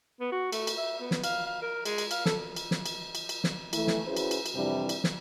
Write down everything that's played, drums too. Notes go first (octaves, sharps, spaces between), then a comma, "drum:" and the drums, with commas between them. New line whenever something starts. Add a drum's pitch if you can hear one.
B3
F#4
A3, drum: cymbal
drum: cymbal
E5
B3
drum: snare
F5, drum: cymbal
F5
A#4
G#3, drum: cymbal
drum: cymbal
F5, drum: cymbal
A4, drum: snare
drum: cymbal
drum: snare
drum: cymbal
drum: cymbal
drum: cymbal
drum: snare
E3 A3 E4, drum: cymbal
drum: snare
C#4 E4 F#4 G#4 B4 C5
drum: cymbal
drum: cymbal
drum: cymbal
F2 C3 E3 G3 D4 E4
drum: cymbal
drum: snare